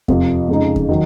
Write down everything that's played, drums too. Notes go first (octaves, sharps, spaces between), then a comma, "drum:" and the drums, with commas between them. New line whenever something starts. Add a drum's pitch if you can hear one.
F2 C3 F3, drum: kick E2
F2 C#3 G#3 D#4
drum: kick E2
D#3 F#3